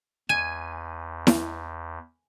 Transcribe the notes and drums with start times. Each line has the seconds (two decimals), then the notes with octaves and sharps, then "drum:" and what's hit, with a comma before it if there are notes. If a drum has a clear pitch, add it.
0.29 E2 G#5 D#7
1.27 drum: snare E4